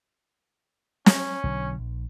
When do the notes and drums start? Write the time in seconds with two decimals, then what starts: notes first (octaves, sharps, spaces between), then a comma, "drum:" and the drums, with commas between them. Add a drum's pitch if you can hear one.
1.06 C#4, drum: snare
1.44 B1 D3 F#3
1.78 A#1